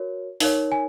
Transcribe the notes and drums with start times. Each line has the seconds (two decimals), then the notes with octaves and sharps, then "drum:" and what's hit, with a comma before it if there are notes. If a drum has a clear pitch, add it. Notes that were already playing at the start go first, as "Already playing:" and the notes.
Already playing: F#4 A#4 C#5
0.40 D#4 A#4 C#5, drum: open hi-hat
0.72 G#5